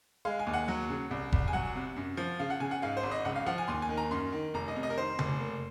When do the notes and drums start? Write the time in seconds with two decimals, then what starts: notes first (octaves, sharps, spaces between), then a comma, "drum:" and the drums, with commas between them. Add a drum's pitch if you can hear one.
0.25 G#3 F5
0.39 G#5
0.47 D#2
0.53 F#5
0.68 F#3
0.90 C#3
1.11 C2
1.32 C2, drum: kick F1
1.48 G#5
1.53 F#3 F#5
1.76 C3
1.96 F#2
2.17 F3
2.39 C#3 F5
2.50 F#5
2.60 C#3 G#5
2.71 F#5
2.82 G#2 F5
2.97 C5
3.03 G#1
3.11 D#5
3.25 C#2 F#5
3.36 F5
3.46 F3 F#5
3.58 G#5
3.68 D#2 C6
3.82 G#5
3.89 D#3
3.97 A#5
4.11 F#2 C6
4.32 D#3
4.54 F1 A#5
4.68 D#5
4.76 C3
4.83 D#5
4.90 A#4
4.97 D#3 C5
5.19 F1, drum: tom C#3
5.40 A#3